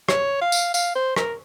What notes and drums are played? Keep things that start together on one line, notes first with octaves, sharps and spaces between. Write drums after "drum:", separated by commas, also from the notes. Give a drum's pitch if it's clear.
C#5, drum: rim click
F5
drum: tambourine
F5, drum: tambourine
C5
A#4, drum: rim click